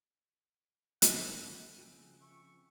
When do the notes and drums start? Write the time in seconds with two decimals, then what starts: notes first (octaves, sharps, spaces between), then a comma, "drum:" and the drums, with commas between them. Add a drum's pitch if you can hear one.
1.02 F#2 F#4 F#5, drum: hi-hat
1.79 C#3 F3 C4 G5
2.21 E5 C#6